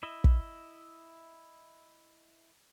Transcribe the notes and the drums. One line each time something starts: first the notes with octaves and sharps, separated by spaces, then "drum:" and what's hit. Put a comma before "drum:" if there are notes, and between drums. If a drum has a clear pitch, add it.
E4 D#5 E5
drum: kick